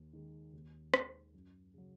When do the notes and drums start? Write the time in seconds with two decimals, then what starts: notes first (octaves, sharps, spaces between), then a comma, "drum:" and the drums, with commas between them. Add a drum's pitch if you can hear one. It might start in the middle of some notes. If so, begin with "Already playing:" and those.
Already playing: D#2
0.13 D#3 G#3
0.53 D#2
0.94 D#3 G#3, drum: rim click
1.34 F#2
1.74 C#3 F#3